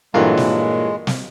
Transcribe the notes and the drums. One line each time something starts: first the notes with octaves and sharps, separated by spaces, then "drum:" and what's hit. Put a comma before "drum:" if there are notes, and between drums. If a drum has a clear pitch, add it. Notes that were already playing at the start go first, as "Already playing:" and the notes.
G2 A#2 E3 F#3 G#3 F4 A4 A#4
drum: snare
drum: snare